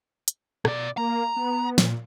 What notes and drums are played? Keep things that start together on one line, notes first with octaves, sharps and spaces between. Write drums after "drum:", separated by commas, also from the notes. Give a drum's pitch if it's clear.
drum: hi-hat
B2 D5, drum: rim click
A#3 A#5
B3
A#2, drum: snare